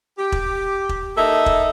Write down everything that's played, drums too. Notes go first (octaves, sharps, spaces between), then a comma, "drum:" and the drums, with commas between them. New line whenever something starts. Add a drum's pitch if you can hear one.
G4
drum: kick E1
drum: kick E1
A#3 D#4 A4 E5
drum: kick E1